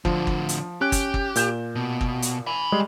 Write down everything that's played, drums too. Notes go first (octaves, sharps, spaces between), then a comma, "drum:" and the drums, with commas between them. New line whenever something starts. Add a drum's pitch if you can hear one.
A2 D3 F3, drum: kick
drum: kick
drum: hi-hat
C#4 G4 F#6
drum: kick, hi-hat
drum: kick
A#2 G6 E7, drum: hi-hat
B2
drum: kick
drum: hi-hat
G#5 B5
G3 G#3 G#4